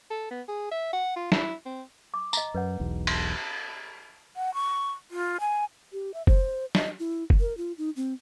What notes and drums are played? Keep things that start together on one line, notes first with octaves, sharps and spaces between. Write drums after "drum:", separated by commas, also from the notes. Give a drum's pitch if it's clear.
A4
B3
G#4
E5
F#5
F4
E4, drum: snare
C4
D6
D#5 A#5, drum: tambourine
F#2 B4 C#5 F#5
E1 B1 E2
C6, drum: cymbal
F#5
C#6
F4
G#5
G4
E5
C5, drum: kick
D#5, drum: snare
E4
drum: kick
A#4
F4
D#4
C4